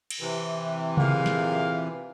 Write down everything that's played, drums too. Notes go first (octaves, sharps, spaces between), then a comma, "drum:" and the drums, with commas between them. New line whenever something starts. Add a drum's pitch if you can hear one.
drum: cymbal
C3 E3
A#2 G#4 F5, drum: tom C3
drum: snare